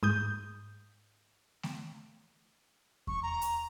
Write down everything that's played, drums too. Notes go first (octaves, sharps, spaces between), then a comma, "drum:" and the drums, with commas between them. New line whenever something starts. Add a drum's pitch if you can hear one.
G#2 D#6 G6
drum: snare A3
C#6, drum: kick E2
A#5
drum: hi-hat